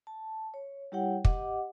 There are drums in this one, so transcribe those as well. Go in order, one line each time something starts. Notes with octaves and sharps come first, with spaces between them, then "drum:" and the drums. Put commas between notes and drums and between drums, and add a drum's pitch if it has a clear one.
A5
C#5
G3 E4 G4 C#5 F#5 G5
G4 D#5 F#5 D6, drum: kick